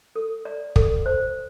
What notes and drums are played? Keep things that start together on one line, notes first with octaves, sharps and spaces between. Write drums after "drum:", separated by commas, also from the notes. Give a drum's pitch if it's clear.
A4
D5
A4, drum: kick
C5